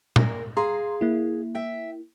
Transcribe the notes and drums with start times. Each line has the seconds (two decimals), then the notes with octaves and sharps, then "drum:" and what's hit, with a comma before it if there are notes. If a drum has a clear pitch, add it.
0.16 A#2 A#3 A#4, drum: tom A#2
0.57 G#4 F5 A#5 C6
1.01 A#3 E4
1.55 E5 G5